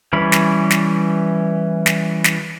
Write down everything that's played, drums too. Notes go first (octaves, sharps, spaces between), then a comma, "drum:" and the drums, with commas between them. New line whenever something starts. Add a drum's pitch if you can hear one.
E3 G3 C#4 B5
drum: snare
drum: snare
drum: snare
drum: snare